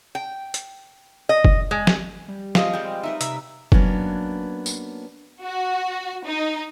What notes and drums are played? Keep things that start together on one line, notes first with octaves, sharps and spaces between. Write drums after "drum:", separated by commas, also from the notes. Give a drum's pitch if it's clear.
G5
drum: hi-hat
D#5
drum: kick F#1
G#3
drum: snare
G3
F3 C4 G#4 D#5 F5, drum: snare
G3 G#3 G5
D#4 A#4 B4 E5
C3 E5, drum: hi-hat
F#3 A#3 B3 C#4 D4, drum: kick F#1
drum: tambourine
F#4
D#4